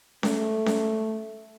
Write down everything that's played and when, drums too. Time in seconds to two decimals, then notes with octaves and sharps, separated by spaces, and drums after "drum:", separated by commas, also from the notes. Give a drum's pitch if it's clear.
0.23 A3, drum: snare C#4
0.66 drum: snare C#4